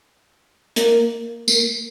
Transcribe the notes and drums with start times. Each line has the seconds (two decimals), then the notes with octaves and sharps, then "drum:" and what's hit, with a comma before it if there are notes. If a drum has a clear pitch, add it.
0.76 A#3, drum: hi-hat
1.48 A#3, drum: tambourine